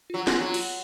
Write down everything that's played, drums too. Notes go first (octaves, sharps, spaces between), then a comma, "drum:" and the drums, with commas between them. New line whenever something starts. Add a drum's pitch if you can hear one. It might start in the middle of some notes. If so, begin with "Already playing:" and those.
F4
F#3 F#4
G#3 F4, drum: snare
F#3 F#4
F4
F#4, drum: cymbal